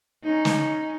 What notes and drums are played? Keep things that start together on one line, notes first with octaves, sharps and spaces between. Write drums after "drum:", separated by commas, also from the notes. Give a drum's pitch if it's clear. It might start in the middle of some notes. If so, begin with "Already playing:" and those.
C#4 D#4
drum: snare